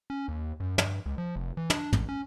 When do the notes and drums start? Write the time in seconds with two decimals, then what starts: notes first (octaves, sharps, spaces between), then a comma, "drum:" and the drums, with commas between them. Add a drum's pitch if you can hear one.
0.10 C#4
0.28 D#2
0.60 F#2
0.78 G2, drum: tom
1.06 C#2
1.18 F3
1.36 F1
1.57 E3
1.70 D4, drum: tom
1.93 A1, drum: tom
2.09 C#4